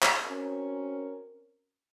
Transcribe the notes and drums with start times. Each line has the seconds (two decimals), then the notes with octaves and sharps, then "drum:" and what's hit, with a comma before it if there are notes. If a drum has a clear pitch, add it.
0.03 drum: clap
0.26 C4 C#4 F#4 A#4